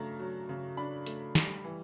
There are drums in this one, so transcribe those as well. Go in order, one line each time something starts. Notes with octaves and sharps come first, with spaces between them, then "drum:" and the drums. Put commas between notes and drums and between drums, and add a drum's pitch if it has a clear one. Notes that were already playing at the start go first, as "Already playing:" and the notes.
Already playing: C#3 F#3 A3 D4 A#5
F#3
C#3
D4 B5
A3, drum: hi-hat
G3, drum: snare
E3